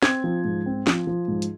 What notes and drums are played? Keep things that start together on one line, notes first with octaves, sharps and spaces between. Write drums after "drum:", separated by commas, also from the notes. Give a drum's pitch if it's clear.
C4 G#6, drum: snare
F3
G#2
C4
F3, drum: snare
F3
G#2
drum: hi-hat